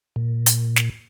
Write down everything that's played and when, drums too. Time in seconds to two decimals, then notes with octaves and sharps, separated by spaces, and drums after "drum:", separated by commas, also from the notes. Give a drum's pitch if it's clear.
0.16 A#2
0.46 drum: hi-hat
0.76 drum: snare